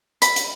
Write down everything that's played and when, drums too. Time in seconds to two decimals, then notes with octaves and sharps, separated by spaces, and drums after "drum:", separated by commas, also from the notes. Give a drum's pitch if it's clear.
0.22 B5, drum: hi-hat
0.36 drum: hi-hat